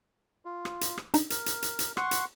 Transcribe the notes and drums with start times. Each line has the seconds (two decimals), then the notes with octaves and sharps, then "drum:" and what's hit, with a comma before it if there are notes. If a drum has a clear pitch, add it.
0.45 F4
0.65 drum: rim click
0.81 drum: hi-hat
0.98 drum: rim click
1.14 D4 D#4, drum: hi-hat
1.30 A#4, drum: hi-hat
1.46 drum: hi-hat
1.62 drum: hi-hat
1.79 drum: hi-hat
1.97 F#5 C6 C#6, drum: rim click
2.11 drum: hi-hat